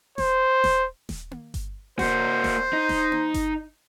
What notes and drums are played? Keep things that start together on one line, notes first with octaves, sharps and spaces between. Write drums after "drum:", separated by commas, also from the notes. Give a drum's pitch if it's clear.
C5, drum: snare D#1
drum: snare D#1
drum: snare D#1
drum: tom A#3
drum: kick G1, hi-hat
A#3 F#4 C5, drum: snare D#1
drum: snare D#1
D#4
drum: snare D#1
drum: tom A#3
drum: kick G1, hi-hat